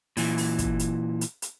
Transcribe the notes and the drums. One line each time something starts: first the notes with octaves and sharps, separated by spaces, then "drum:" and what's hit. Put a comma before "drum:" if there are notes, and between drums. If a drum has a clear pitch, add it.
A#2 E3, drum: open hi-hat
drum: open hi-hat
drum: kick, hi-hat
drum: hi-hat
drum: hi-hat
drum: hi-hat